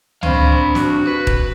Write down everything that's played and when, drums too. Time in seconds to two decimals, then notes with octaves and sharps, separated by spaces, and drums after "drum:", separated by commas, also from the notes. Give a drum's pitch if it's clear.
0.23 C4 D4 F5 B5, drum: tom C#2
0.75 F#4, drum: snare
1.07 B4
1.27 drum: kick D#1